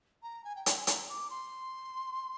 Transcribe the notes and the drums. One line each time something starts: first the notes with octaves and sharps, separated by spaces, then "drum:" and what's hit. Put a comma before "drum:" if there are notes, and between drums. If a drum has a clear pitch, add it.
A#5
G#5
G5
G5, drum: hi-hat
G#5
A#5, drum: hi-hat
D6
C6